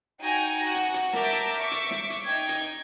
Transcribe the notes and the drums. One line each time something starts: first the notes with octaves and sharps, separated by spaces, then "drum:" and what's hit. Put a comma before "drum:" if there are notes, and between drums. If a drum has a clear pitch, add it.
D#4 F#4 G5 G#5 A#5
F#4
drum: hi-hat
drum: hi-hat
A#4 E5 A5 D6 G6, drum: snare
drum: hi-hat
E5 C#6 D6
drum: hi-hat
drum: snare
drum: hi-hat
D#4 G5 G#6
drum: hi-hat